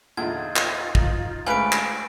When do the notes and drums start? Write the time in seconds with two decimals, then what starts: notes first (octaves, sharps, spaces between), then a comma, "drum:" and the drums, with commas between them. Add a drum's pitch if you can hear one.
0.17 E2 A#2 D3 D#4 F4 G#6
0.56 drum: clap
0.95 drum: kick
1.46 D2 G#2 F3 C#4 B4 G#5 D7
1.73 drum: clap